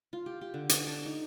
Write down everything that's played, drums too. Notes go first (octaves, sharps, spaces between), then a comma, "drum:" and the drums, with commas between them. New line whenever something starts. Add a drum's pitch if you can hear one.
F4
G4
G4
D3
D5, drum: hi-hat
A5
D#4